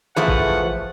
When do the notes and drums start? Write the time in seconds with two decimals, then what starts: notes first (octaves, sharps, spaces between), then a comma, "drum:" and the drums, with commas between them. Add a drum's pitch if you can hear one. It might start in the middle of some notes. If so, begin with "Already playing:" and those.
0.16 E3 F3 A3 G#4 B4 F#5 C#6
0.28 drum: kick G#1